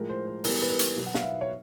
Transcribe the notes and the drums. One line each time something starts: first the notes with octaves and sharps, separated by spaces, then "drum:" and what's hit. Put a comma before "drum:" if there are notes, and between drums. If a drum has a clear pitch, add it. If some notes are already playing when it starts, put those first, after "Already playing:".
Already playing: A2 F3 G#3 A#4
C5
C5
E3 G3 B3 A#4, drum: open hi-hat
B4
A#4
drum: hi-hat
B2 F#3 B3
F#5
F5, drum: snare
E5
C#5